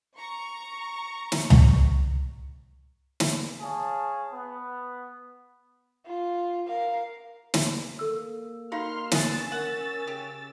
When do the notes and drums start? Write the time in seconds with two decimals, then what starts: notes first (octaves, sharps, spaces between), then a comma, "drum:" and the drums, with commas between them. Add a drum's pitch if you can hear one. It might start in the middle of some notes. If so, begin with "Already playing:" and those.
0.17 A#5 C#6
1.32 drum: snare
1.50 drum: tom C#2
3.20 drum: snare
3.61 G#4 C#5 F5 A5
4.33 B3
6.06 F4
6.67 A#4 F5
7.54 drum: snare
7.99 A#3 A4 E6
8.72 D#4 F#4 F5 B5 C6 F6
9.12 D3 C#4 D4 G#4 E6 A6, drum: snare
9.52 A#4 F#5
10.07 C#3 G4